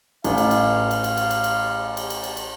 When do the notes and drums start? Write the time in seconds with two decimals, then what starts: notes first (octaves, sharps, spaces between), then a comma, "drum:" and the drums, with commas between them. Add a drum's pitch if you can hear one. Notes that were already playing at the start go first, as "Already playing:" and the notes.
0.24 A1 F5, drum: cymbal
0.38 drum: cymbal
0.51 drum: cymbal
0.91 drum: cymbal
1.04 drum: cymbal
1.17 drum: cymbal
1.31 drum: cymbal
1.44 drum: cymbal
1.97 drum: cymbal
2.10 drum: cymbal
2.24 drum: cymbal
2.37 drum: cymbal